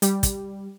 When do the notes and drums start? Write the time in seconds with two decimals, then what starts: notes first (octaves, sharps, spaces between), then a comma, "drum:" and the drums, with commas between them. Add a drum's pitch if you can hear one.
0.02 G3, drum: hi-hat
0.23 drum: kick, hi-hat